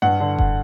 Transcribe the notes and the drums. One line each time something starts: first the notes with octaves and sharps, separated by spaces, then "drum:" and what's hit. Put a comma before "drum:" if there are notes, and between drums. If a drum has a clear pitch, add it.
G2 F#5
D3
drum: kick F1